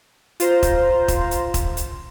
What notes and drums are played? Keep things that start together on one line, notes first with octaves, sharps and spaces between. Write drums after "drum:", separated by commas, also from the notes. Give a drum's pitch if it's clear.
F4 C5 A#5, drum: hi-hat
drum: kick E1, hi-hat
drum: kick E1, hi-hat
drum: hi-hat
drum: kick E1, hi-hat
drum: hi-hat